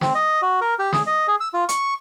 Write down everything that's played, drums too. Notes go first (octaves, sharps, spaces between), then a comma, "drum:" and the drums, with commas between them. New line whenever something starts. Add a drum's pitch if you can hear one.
C4, drum: snare
D#5
F#4
A#4
G4
G#4, drum: snare
D#5
G#4
E6
F4
C#6, drum: hi-hat